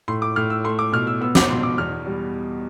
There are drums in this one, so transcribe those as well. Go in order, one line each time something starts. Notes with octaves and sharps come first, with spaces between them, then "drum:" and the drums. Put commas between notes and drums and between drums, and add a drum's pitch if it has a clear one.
A2 C6
D6
A2 F6
E6
A3 C6
D6
B2 F6
E6
B3 E6
D6, drum: snare
B2 C6
D6
E2 F6
G3